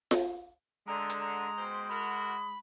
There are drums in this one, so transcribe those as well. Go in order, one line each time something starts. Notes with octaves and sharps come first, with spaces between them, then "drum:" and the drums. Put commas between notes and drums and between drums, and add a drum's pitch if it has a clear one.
drum: snare F4
D3 G#3 A#5
drum: hi-hat
A#5
B2 C5 G5
F#4 A4 A#4 B5